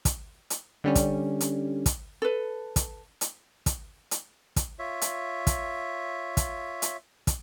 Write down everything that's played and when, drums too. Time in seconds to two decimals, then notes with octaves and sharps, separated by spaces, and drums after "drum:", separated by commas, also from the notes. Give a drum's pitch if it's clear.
0.05 drum: kick, hi-hat
0.50 drum: hi-hat
0.84 D3 G3 C#4
0.95 drum: kick, hi-hat
1.41 drum: hi-hat
1.86 drum: kick, hi-hat
2.22 A4 B4
2.76 drum: kick, hi-hat
3.21 drum: hi-hat
3.66 drum: kick, hi-hat
4.11 drum: hi-hat
4.56 drum: kick, hi-hat
4.79 F4 C#5 E5
5.02 drum: hi-hat
5.47 drum: kick, hi-hat
6.37 drum: kick, hi-hat
6.82 drum: hi-hat
7.27 drum: kick, hi-hat